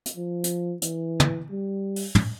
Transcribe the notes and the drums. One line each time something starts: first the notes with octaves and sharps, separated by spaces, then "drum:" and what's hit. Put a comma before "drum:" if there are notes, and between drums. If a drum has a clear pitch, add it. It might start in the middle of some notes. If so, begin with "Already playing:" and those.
drum: hi-hat
F3
drum: hi-hat
E3, drum: hi-hat
drum: tom
G3
drum: open hi-hat
drum: tom